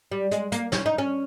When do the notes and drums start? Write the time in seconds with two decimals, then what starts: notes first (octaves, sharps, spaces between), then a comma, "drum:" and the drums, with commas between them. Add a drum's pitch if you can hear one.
0.12 G3
0.32 G#3, drum: hi-hat
0.52 A#3, drum: hi-hat
0.72 C#4, drum: snare
0.86 D#4
0.98 C#4